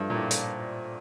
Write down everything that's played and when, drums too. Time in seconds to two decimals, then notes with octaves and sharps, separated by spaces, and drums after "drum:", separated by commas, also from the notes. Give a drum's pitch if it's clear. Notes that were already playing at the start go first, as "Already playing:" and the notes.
Already playing: G2 F3 A3 D4
0.10 A#2
0.15 A2
0.31 drum: hi-hat